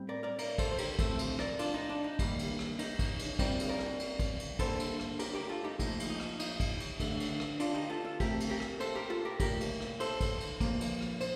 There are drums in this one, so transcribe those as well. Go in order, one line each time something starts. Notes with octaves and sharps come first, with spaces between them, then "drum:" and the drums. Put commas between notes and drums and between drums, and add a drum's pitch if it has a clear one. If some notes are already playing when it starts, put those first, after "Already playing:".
Already playing: A2 G3 C4
A#4 D5
A#4 D5
A#4 D5, drum: cymbal
A4 C5, drum: kick, cymbal
C5
G4 A#4, drum: cymbal
A2 F3 A3 C4 A4 C5, drum: kick, cymbal
drum: cymbal
A#4 D5, drum: rim click
D4 F4, drum: cymbal
D#4
D4
D#4
D#2 D#3 G3 A#3, drum: kick, cymbal
drum: cymbal
drum: rim click
D#4, drum: cymbal
drum: kick, cymbal
drum: cymbal
A#2 G3 C4 A#4 D5, drum: kick, cymbal
drum: cymbal
A#4 D5
drum: rim click
drum: cymbal
drum: kick, cymbal
drum: cymbal
G2 D3 G3 A#3 A4 C5, drum: kick, cymbal
drum: cymbal
drum: rim click
G4 A#4, drum: cymbal
G4 A#4
F4 A4
D#4 G4
A#2 F3 A3 D#4, drum: kick, cymbal
drum: cymbal
D#4
drum: rim click
D#4, drum: cymbal
drum: kick, cymbal
drum: cymbal
D2 D3 A3, drum: kick, cymbal
drum: cymbal
drum: rim click
D4 F4, drum: cymbal
D#4 G4
F4 A4
F4 A4
A#2 A3 C4 G4 A#4, drum: kick, cymbal
drum: cymbal
G4 A#4
drum: rim click
A4 C5, drum: cymbal
G4 A#4
F4 A4
G4 A#4
C2 A#2 A3 G4 A#4, drum: kick, cymbal
drum: cymbal
drum: rim click
A4 C5, drum: cymbal
drum: kick, cymbal
drum: cymbal
A#2 F3 A#3, drum: kick, cymbal
drum: cymbal
drum: rim click
C5, drum: cymbal